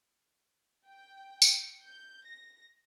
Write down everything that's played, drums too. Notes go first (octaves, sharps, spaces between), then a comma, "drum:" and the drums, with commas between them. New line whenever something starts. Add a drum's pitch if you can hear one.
G5
drum: tambourine
G6
A#6